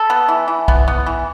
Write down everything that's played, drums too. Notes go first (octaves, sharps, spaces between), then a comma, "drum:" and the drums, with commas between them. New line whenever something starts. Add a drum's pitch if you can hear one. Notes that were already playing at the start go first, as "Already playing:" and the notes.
Already playing: A4
B3
E3
E3
B3, drum: kick B1
B3
E3